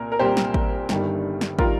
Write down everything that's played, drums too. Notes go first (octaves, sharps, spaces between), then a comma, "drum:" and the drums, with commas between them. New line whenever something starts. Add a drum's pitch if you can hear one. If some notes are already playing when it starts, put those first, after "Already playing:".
Already playing: C2 A#2 A#4
A#4
C2 A#2 G3 G4 C5
drum: snare
drum: kick
G1 G2 D#3 G3, drum: snare
drum: snare
D#3 G3 F4 A#4, drum: kick